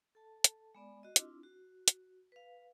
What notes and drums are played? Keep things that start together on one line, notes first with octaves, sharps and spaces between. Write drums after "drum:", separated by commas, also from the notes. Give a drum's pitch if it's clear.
A4 A5
drum: hi-hat
G#3 B3 D5
F#4 D#5
C4 D4 E4 F4, drum: hi-hat
F#4
drum: hi-hat
B4 F5